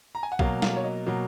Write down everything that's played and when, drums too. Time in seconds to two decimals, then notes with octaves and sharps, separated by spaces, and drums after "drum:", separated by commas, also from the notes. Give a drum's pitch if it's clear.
0.15 A#5
0.23 G#5
0.32 F#5
0.39 B2 F#3 A#3 F5, drum: kick A#1
0.62 F5, drum: snare
0.77 C#5
0.84 D#5
1.06 B2 F#3 A#3